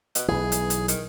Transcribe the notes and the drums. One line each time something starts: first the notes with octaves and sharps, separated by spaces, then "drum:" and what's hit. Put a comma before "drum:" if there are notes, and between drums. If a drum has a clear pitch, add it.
B2, drum: hi-hat
B1 E3 G#4
drum: hi-hat
drum: hi-hat
D#3, drum: hi-hat